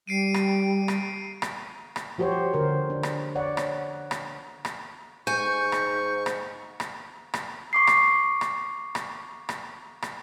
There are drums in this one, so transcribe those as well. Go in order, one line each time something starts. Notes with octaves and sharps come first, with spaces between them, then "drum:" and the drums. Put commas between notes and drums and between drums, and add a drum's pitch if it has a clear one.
G3 C7 D7 D#7
drum: rim click
drum: rim click
drum: rim click
drum: rim click
F3 F#4 G4 C5 C#5
D3 A#4 C5
D4
drum: rim click
C#5 D5 F#5
drum: rim click
drum: rim click
drum: rim click
G#2 G#5 C#6 G6
drum: rim click
drum: rim click
drum: rim click
drum: rim click
C#6 D6 C7
drum: rim click
drum: rim click
drum: rim click
drum: rim click
drum: rim click